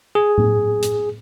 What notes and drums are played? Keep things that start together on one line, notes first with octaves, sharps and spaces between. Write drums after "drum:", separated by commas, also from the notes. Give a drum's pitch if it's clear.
G#4
drum: tom A2
drum: hi-hat